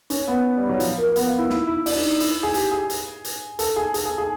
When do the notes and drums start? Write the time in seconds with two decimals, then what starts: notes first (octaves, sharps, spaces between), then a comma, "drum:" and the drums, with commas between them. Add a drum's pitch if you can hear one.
0.10 C#4, drum: hi-hat
0.27 B3
0.57 G3
0.69 F#3
0.80 F3, drum: hi-hat
0.98 A#3
1.10 A#3
1.16 B3, drum: hi-hat
1.27 F4
1.38 E4
1.50 E4, drum: snare
1.67 E4
1.86 D4, drum: open hi-hat
1.97 D#4
2.20 E4, drum: hi-hat
2.43 G#4
2.54 G4, drum: hi-hat
2.72 G#4
2.90 drum: hi-hat
3.24 drum: hi-hat
3.59 A4, drum: hi-hat
3.76 G#4
3.94 G#4, drum: hi-hat
4.05 G#4
4.18 G#4